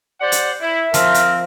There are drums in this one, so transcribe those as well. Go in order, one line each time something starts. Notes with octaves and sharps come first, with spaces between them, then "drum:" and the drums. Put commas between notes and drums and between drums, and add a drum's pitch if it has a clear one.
G4 C5 D5 F#5
drum: hi-hat
E4 E5
F3 C4 A#4, drum: hi-hat
drum: hi-hat